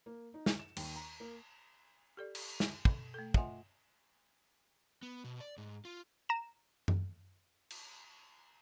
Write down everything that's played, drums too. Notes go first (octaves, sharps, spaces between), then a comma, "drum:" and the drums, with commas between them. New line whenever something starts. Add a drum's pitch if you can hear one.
A#3
D#4
drum: snare
E7
D#2, drum: cymbal
A#5
A#3
G4 A4 D5
drum: cymbal
drum: snare
B2, drum: kick
A3 A4
F4 D#5 E5 F#5 G#5 C6, drum: kick
B3
B2
D5
G#2
F4
A#5 E7
drum: tom F#2
drum: cymbal